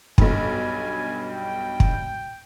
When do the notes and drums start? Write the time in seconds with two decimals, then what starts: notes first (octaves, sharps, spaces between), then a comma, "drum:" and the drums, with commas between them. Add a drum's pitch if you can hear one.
0.18 B1 G2 G#5, drum: kick
1.30 G5
1.80 drum: kick